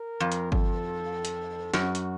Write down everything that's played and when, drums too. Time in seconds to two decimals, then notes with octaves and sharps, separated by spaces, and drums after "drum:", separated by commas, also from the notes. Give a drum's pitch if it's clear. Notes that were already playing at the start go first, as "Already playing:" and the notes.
Already playing: A#4
0.20 F2
0.32 drum: hi-hat
0.52 A4, drum: kick G1
1.25 drum: hi-hat
1.74 F#2 F#4, drum: snare
1.95 drum: hi-hat